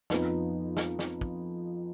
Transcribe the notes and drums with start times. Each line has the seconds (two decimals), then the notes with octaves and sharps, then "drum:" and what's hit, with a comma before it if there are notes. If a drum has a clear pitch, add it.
0.10 F2 F3 B3 D#4, drum: snare
0.77 drum: snare
0.99 drum: snare
1.21 drum: kick